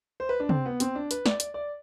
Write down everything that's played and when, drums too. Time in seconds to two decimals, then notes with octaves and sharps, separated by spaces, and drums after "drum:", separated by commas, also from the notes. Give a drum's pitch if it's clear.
0.20 C5
0.29 B4
0.40 D4
0.49 C4, drum: tom
0.65 B3
0.80 C4, drum: hi-hat
0.95 D4
1.11 B4, drum: hi-hat
1.26 D5, drum: snare
1.40 D5, drum: hi-hat
1.54 D5